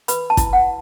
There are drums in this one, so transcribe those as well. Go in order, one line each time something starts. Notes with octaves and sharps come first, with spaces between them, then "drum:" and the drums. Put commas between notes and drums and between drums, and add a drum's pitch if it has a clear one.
B4 B5, drum: hi-hat
A5
E4, drum: kick, hi-hat
F#5